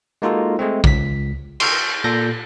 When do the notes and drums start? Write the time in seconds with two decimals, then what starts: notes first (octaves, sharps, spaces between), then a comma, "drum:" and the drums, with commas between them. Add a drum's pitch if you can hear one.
0.22 G#3 A#3 D#4 F4 F#4 A4
0.59 G#3 A3 C4
0.84 C#2 B6, drum: kick A#1
1.60 C6 C#6 E6 F6 G6, drum: cymbal
2.04 A#2 A4 G6 A#6